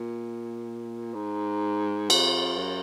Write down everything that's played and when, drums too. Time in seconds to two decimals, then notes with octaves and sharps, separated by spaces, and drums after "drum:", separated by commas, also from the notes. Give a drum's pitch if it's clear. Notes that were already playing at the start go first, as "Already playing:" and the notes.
Already playing: A#2
1.14 G#2
2.10 F2, drum: cymbal
2.58 F#2